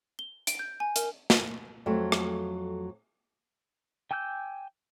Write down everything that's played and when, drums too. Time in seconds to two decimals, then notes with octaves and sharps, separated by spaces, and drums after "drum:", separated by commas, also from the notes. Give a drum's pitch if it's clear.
0.19 G7
0.47 D7, drum: hi-hat
0.59 G6
0.80 G#5
0.96 A#4, drum: hi-hat
1.30 drum: snare
1.86 F2 F#3 A3
2.12 drum: rim click
4.11 G5 G#5 D6 E6 G6